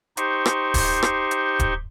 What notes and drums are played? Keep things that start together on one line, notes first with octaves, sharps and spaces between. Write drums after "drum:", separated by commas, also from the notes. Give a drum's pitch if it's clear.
D#4 G4 C5 C6 C#6, drum: hi-hat
drum: rim click
drum: kick D1, open hi-hat
drum: rim click
drum: hi-hat
drum: kick D1, hi-hat